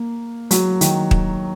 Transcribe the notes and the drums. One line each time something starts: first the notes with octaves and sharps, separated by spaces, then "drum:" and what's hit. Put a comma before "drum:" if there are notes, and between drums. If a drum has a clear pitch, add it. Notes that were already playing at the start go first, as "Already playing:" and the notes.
Already playing: A#3
F#3, drum: hi-hat
D#3, drum: hi-hat
drum: kick